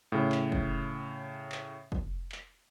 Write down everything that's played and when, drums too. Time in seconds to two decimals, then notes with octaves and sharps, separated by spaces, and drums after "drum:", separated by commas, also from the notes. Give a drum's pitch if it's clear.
0.12 A2 C#3
0.32 drum: clap
0.52 drum: kick
1.52 drum: clap
1.92 drum: kick
2.32 drum: clap